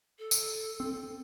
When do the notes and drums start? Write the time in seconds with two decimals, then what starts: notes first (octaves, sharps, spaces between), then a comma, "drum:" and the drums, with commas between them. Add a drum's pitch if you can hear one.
0.19 A4
0.31 drum: tambourine
0.80 C4